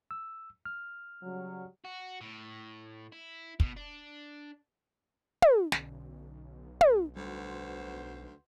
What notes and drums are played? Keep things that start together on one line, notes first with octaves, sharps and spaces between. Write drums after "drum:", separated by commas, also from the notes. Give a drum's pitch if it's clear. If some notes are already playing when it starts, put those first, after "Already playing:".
E6
F6
C#3 F#3 G3
F#4
A2
E4
B2, drum: kick
D4
drum: tom
B1 D3 C#4, drum: snare
drum: tom
D2 G3 F#4 B4 C5